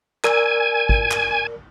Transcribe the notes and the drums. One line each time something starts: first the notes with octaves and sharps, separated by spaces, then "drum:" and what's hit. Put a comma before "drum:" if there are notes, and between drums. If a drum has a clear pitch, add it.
A#4 D5 G#5 E6, drum: clap
drum: kick
drum: clap